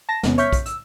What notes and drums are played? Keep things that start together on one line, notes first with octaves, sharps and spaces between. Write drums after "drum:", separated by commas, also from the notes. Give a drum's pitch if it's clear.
A5 A#6
E2 C3 B3 C#4, drum: snare
C#5 E5 C#6 F6 G6 B6, drum: hi-hat
drum: kick, hi-hat
E6, drum: hi-hat